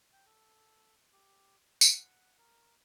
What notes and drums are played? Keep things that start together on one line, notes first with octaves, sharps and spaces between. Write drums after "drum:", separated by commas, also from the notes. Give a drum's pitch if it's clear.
G5
A4
G4
F#5, drum: tambourine
A#4